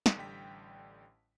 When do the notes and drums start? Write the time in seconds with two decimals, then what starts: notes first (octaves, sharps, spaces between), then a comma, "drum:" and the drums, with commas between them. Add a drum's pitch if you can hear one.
0.06 drum: snare
0.16 A1 D3 G3 G5 B6